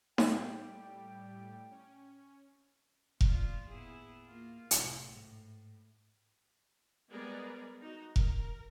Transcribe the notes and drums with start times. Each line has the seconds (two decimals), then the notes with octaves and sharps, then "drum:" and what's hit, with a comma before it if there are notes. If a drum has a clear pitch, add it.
0.18 A2 G3 G4 G5, drum: snare D#4
1.71 C#4
3.21 D#2 A2 F3 D4 F4, drum: kick F1
3.69 B3 E4 G#4
4.27 A#3 F4
4.71 F2 A2 C3, drum: hi-hat
5.11 G#2
7.09 G3 G#3 B3 G#4 A#4 D5
7.82 D#4 F#4
8.16 A#4, drum: kick F1